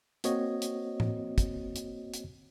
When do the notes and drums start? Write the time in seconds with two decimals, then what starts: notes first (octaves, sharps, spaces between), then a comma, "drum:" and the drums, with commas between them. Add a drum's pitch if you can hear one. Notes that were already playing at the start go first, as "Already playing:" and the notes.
0.24 A#3 C4 F#4 C#5 D#5, drum: hi-hat
0.62 drum: hi-hat
1.00 drum: tom A2
1.38 drum: kick, hi-hat
1.76 drum: hi-hat
2.14 drum: hi-hat